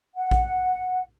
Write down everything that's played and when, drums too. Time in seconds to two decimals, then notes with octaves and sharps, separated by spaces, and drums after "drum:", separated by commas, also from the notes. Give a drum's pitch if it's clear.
0.16 F#5
0.31 drum: kick A#1